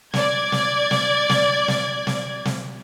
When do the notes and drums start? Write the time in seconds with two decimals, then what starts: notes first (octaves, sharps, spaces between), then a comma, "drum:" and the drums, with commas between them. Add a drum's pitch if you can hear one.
0.14 D5 G#6, drum: snare
0.52 drum: snare
0.91 drum: snare
1.29 drum: snare
1.68 drum: snare
2.07 drum: snare
2.45 drum: snare